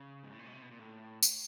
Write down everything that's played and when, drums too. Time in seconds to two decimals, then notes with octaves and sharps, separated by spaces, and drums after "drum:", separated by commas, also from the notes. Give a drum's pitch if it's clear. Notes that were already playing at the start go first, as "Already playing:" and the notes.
Already playing: C#3
0.24 G#2
0.31 A2
0.39 A#2
0.46 B2
0.53 C3
0.62 B2
0.71 A#2
0.80 A2
1.23 drum: tambourine